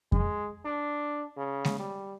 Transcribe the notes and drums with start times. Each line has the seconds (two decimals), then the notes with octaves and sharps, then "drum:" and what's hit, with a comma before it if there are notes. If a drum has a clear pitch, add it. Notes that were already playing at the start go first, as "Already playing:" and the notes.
0.12 G#3, drum: kick F2
0.65 D4
1.37 C#3
1.65 drum: snare G#3
1.79 G3